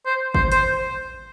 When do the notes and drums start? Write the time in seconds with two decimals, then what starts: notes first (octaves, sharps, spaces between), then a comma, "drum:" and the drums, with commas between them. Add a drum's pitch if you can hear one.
0.06 C5
0.35 C5, drum: kick G#1
0.52 C5, drum: hi-hat